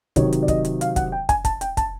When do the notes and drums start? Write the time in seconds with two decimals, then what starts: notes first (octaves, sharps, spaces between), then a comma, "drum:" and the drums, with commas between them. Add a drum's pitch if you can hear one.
0.16 C3 D#3 F#3 C#5, drum: kick, hi-hat
0.33 drum: hi-hat
0.43 D5
0.48 D#5, drum: kick, hi-hat
0.65 drum: hi-hat
0.81 F5, drum: hi-hat
0.96 F#5, drum: kick, hi-hat
1.12 G5
1.29 G#5, drum: kick, hi-hat
1.45 A5, drum: kick, hi-hat
1.61 G5, drum: hi-hat
1.77 A5, drum: kick, hi-hat